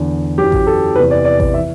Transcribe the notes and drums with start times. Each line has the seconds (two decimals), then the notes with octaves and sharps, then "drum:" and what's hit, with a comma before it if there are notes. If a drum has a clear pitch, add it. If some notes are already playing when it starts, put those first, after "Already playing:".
Already playing: E2 D3
0.38 F#2 E3 G4
0.52 drum: kick A1
0.67 A4
0.95 E2 C3 E3 B4
1.11 D5
1.25 D5
1.40 D5, drum: kick A1
1.54 E5
1.58 E3